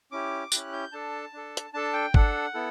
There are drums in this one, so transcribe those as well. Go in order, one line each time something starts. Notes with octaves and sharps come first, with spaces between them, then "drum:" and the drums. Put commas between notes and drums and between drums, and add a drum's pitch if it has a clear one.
C#4 E4 G4 D6
C#4 E4 G4 F#6, drum: tambourine
G6
D4 A4 A5
D4 A4
drum: hi-hat
D4 A4 A5
G5
D4 A4 F#5, drum: kick
B3 E4 A4